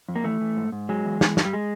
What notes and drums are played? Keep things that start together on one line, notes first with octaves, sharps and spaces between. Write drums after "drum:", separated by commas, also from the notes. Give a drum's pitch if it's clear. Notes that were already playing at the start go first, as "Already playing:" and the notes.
F2
A#3
E3 A3
E3
G#2
G#2
F#3 G#3
E2
E3, drum: snare
G2, drum: snare
G3
G#3